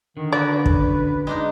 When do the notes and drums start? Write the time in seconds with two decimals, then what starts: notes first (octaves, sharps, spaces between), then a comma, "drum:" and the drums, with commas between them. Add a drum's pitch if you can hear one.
0.17 D3 D#3
0.32 C#4 F#4 B4 D5
0.65 drum: kick
1.27 G#3 D4 D#4